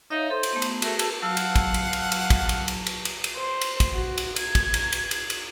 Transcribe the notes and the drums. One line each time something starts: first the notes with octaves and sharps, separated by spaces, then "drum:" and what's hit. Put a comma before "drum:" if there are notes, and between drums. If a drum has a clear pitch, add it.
D#4 C#5 E5 F5
A4 C5
drum: cymbal
A3 B3
drum: cymbal
A3 F#4 G#4 A#4, drum: cymbal
A4, drum: cymbal
F#3 F5 F#5 A5 E6
drum: cymbal
drum: kick, cymbal
drum: cymbal
drum: cymbal
drum: cymbal
drum: kick, cymbal
drum: cymbal
drum: cymbal
drum: cymbal
drum: cymbal
drum: cymbal
C5
drum: cymbal
drum: kick, cymbal
F#4
drum: cymbal
G#6, drum: cymbal
drum: kick, cymbal
drum: cymbal
drum: cymbal
drum: cymbal
drum: cymbal